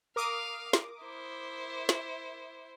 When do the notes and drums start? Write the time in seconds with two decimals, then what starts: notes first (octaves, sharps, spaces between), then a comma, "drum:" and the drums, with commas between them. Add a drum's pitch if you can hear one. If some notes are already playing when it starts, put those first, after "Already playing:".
0.16 A#4 F5 D6 D#6
0.73 drum: snare
1.02 E4 C5
1.89 drum: snare